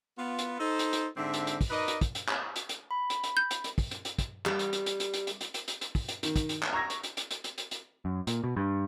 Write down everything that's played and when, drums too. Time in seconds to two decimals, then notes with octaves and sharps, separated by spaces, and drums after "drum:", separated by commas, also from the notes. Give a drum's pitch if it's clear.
0.18 B3 F4
0.39 drum: hi-hat
0.59 D#4 A4 C5
0.79 drum: hi-hat
0.93 drum: hi-hat
1.17 G#2 D3 C4 D4 C5 E5
1.34 drum: hi-hat
1.47 drum: hi-hat
1.61 drum: kick, open hi-hat
1.70 D#4 A#4 B4 D5 D#5
1.88 drum: hi-hat
2.01 drum: kick, hi-hat
2.15 drum: hi-hat
2.29 drum: clap
2.56 drum: hi-hat
2.69 drum: hi-hat
2.91 B5
3.10 drum: hi-hat
3.24 drum: hi-hat
3.37 G6
3.51 drum: hi-hat
3.64 drum: hi-hat
3.78 drum: kick, open hi-hat
3.91 drum: hi-hat
4.05 drum: hi-hat
4.19 drum: kick, hi-hat
4.46 G3, drum: clap
4.59 drum: hi-hat
4.73 drum: hi-hat
4.86 drum: hi-hat
5.00 drum: hi-hat
5.13 drum: hi-hat
5.27 drum: hi-hat
5.41 drum: hi-hat
5.54 drum: hi-hat
5.68 drum: hi-hat
5.81 drum: hi-hat
5.95 drum: kick, open hi-hat
6.08 drum: hi-hat
6.23 D#3, drum: hi-hat
6.36 drum: kick, hi-hat
6.49 drum: hi-hat
6.63 drum: clap
6.73 A#5 C#6 E6 G#6 A#6
6.90 drum: hi-hat
7.03 drum: hi-hat
7.17 drum: hi-hat
7.31 drum: hi-hat
7.44 drum: hi-hat
7.58 drum: hi-hat
7.71 drum: hi-hat
8.05 F#2
8.27 A#2, drum: hi-hat
8.44 B2
8.57 G2